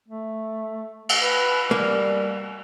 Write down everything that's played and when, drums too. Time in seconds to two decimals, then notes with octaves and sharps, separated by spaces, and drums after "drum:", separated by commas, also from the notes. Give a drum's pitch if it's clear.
0.08 A3
1.09 drum: cymbal
1.21 B4
1.71 G3 A#3